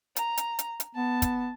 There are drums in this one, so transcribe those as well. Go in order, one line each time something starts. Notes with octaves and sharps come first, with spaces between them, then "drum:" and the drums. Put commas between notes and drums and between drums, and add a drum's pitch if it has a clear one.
A#5, drum: hi-hat
drum: hi-hat
drum: hi-hat
drum: hi-hat
B3 A5
drum: kick, hi-hat